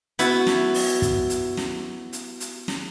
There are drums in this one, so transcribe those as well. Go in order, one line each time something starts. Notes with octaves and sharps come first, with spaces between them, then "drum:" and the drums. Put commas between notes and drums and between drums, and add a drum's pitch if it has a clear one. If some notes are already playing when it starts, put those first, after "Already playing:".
B3 E4 F#4, drum: hi-hat
drum: snare
drum: open hi-hat
drum: kick, hi-hat
drum: hi-hat
drum: snare
drum: hi-hat
drum: hi-hat
drum: snare